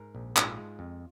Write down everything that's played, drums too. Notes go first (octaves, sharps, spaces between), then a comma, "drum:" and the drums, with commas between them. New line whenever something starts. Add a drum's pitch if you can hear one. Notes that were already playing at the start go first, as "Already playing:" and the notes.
Already playing: G#2 A#4
A#1
G#2 F4, drum: clap
G#3
F2